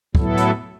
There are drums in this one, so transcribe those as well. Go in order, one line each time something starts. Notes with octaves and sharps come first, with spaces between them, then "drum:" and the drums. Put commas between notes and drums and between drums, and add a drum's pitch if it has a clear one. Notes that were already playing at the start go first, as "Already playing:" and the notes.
A2 F#3 B3 E4 A4, drum: kick
drum: hi-hat